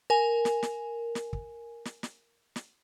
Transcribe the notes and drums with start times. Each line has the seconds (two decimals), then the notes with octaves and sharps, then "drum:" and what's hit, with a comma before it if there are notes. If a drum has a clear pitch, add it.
0.10 A#4 G#5
0.45 drum: snare
0.63 drum: snare
1.15 drum: snare
1.33 drum: kick
1.85 drum: snare
2.03 drum: snare
2.56 drum: snare